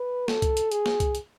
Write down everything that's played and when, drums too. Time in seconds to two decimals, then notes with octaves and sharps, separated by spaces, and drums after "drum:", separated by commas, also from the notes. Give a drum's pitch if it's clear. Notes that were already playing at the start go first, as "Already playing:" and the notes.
Already playing: B4
0.28 A4, drum: snare
0.42 drum: kick C2, hi-hat
0.57 drum: hi-hat
0.72 G#4, drum: hi-hat
0.86 drum: snare
1.00 drum: kick C2, hi-hat
1.15 drum: hi-hat